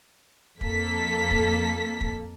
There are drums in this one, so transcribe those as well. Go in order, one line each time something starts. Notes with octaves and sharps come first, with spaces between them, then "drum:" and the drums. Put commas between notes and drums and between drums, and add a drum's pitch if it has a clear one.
F2 A#3 A4 B6, drum: kick
drum: kick
drum: kick